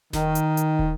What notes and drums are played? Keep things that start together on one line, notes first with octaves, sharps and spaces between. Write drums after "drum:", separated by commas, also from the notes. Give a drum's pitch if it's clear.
D#3, drum: snare E1
drum: hi-hat
drum: hi-hat
drum: kick